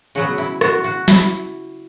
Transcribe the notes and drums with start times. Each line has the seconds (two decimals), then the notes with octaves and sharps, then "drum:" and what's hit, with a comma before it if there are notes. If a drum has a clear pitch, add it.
0.15 C#3 F#3 B3 F#4
0.38 E4
0.61 F#4, drum: rim click
0.84 F#4
1.08 E4, drum: snare